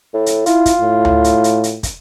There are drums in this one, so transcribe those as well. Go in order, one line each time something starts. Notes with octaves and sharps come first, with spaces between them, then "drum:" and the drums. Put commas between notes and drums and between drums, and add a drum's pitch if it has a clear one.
A2
drum: hi-hat
E4 F4, drum: hi-hat
drum: kick, hi-hat
A2
drum: tom D2
drum: hi-hat
drum: hi-hat
drum: hi-hat
drum: kick, hi-hat